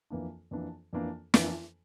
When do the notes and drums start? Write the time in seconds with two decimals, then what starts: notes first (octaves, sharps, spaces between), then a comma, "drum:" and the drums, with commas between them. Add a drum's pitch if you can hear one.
0.10 F2 E3 A#3 D4
0.51 F2 E3 A#3 D4
0.93 F2 E3 A#3 D4
1.34 F2 E3 A#3 D4, drum: snare